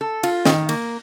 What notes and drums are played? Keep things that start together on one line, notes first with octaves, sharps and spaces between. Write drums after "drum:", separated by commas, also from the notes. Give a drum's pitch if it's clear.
A4
F4, drum: cymbal
D#3, drum: snare
A#3, drum: cymbal